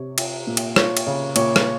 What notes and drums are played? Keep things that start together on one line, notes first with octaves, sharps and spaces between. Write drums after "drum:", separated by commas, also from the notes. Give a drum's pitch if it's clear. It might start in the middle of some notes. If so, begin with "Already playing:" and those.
Already playing: C3 C#5
F4, drum: cymbal
A#2
drum: cymbal
F4 C#5, drum: rim click
drum: cymbal
C#3
A#2 C#5, drum: cymbal
drum: rim click